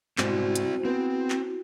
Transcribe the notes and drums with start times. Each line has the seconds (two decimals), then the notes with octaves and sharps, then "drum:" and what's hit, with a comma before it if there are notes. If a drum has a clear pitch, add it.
0.18 G#2 B2 G#3 C4 E4 F#4 C5 D5, drum: clap
0.55 drum: hi-hat
0.85 B3 C4 G#4 B4
1.30 drum: clap